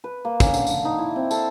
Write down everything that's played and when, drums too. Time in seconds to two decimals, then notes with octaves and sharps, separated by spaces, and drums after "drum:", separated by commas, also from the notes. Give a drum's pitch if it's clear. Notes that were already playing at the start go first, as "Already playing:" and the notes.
0.04 B4
0.25 A#3
0.40 C#4, drum: kick, tambourine
0.54 D3, drum: tambourine
0.67 drum: tambourine
0.85 D#4
0.99 E4
1.16 C4
1.31 A4, drum: tambourine